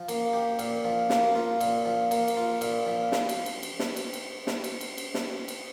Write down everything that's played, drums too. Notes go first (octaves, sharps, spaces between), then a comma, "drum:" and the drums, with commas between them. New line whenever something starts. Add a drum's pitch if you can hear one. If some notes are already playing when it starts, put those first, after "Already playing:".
Already playing: F3
A#3, drum: cymbal
G4
A#2, drum: cymbal
F3
A#3, drum: snare
F4
A#2, drum: cymbal
F3
A#3, drum: cymbal
drum: cymbal
F4
A#2, drum: cymbal
F3
drum: snare
drum: cymbal
drum: cymbal
drum: cymbal
drum: snare
drum: cymbal
drum: cymbal
drum: snare
drum: cymbal
drum: cymbal
drum: cymbal
drum: snare
drum: cymbal